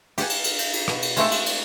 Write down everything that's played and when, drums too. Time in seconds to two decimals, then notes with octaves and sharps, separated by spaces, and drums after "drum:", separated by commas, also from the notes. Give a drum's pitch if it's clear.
0.18 G4 D5 F#5 G#5, drum: cymbal
0.30 drum: cymbal
0.44 drum: cymbal
0.59 drum: cymbal
0.73 drum: cymbal
0.88 B2, drum: rim click
1.02 drum: cymbal
1.17 G#3 A3 C4 A4, drum: cymbal
1.31 drum: cymbal
1.46 drum: cymbal